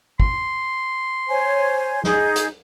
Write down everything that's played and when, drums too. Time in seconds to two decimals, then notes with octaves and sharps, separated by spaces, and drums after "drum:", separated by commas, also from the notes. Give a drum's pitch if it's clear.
0.20 C6, drum: kick
1.29 C5 C#5 G#5
2.04 D#4 G#4 G6, drum: snare
2.36 drum: hi-hat